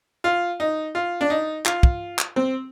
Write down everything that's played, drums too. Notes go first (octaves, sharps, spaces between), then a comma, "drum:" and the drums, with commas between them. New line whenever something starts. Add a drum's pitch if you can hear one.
F4
D#4
F4
D4
D#4
F4, drum: clap
drum: kick
drum: clap
C4